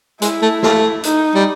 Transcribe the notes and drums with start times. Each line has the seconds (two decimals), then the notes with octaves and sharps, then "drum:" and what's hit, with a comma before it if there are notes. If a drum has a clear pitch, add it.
0.22 G#3 E4, drum: hi-hat
0.42 A3
0.63 A3, drum: snare
1.04 D#4, drum: hi-hat
1.35 G3